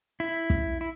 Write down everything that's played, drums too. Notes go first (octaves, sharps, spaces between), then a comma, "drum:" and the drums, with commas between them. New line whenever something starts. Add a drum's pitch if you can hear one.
E4
drum: kick
E4